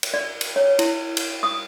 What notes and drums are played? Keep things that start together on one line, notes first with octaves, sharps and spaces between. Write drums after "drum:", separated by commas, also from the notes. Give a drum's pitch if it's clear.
drum: cymbal
D5
drum: cymbal
C#5
E4, drum: cymbal
drum: cymbal
D#6